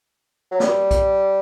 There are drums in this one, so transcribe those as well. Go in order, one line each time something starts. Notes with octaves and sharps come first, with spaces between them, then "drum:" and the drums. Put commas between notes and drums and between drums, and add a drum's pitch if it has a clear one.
F#3
G3, drum: snare
drum: kick B1, hi-hat